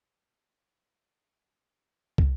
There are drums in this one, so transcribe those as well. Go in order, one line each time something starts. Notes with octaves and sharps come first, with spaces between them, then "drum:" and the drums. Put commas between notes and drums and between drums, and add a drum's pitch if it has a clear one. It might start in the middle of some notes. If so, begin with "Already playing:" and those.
A3 G6
E4 F#5
drum: kick